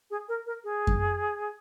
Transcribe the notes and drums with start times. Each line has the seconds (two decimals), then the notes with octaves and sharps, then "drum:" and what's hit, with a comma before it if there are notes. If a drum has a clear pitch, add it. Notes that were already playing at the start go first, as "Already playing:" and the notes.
0.10 G#4
0.28 A#4
0.46 A#4
0.64 G#4
0.87 drum: kick F#2